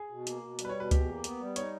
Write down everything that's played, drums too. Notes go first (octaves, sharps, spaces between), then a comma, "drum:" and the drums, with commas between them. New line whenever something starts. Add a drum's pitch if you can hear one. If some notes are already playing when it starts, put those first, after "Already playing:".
Already playing: G#4
B2
A#3, drum: hi-hat
B2
G3, drum: hi-hat
B4
C#5
B2 B4
E2 G4, drum: kick C#2, hi-hat
A#3
B3, drum: hi-hat
G3
D#4 C#5, drum: hi-hat